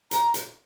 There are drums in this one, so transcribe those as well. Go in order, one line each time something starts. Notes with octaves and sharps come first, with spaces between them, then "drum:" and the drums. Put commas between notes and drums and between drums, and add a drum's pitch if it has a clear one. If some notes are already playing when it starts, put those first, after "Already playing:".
A#5, drum: hi-hat
drum: hi-hat